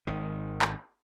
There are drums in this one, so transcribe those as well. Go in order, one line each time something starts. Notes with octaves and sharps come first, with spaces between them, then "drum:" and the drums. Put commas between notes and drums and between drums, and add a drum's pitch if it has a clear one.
G#1 D#3
drum: clap